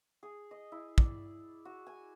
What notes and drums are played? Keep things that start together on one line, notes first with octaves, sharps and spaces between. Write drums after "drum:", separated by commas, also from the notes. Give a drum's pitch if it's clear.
G#4
D#5
E4
D5, drum: kick
F#4
G#5